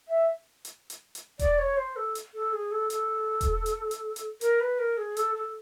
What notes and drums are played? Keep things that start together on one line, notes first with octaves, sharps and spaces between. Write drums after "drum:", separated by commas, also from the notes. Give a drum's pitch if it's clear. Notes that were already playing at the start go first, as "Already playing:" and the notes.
E5
drum: hi-hat
drum: hi-hat
drum: hi-hat
D5, drum: kick E1, hi-hat
C#5
C5
A4
drum: hi-hat
A4
G#4
A4
A4, drum: hi-hat
drum: kick E1, hi-hat
drum: hi-hat
drum: hi-hat
drum: hi-hat
A#4, drum: hi-hat
B4
A#4
G#4
A4, drum: hi-hat
A4